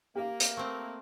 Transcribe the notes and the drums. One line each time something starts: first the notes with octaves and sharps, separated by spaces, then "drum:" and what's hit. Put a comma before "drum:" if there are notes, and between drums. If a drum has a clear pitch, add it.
A#3 G4 F5
drum: hi-hat
A3 C4